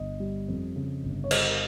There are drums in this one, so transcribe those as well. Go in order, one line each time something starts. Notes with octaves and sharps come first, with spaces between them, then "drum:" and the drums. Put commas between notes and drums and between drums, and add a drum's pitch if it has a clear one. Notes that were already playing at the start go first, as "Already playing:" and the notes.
Already playing: G1 D#5
G3
F2
C#3
G1
C#5
G3 C5 D#5, drum: cymbal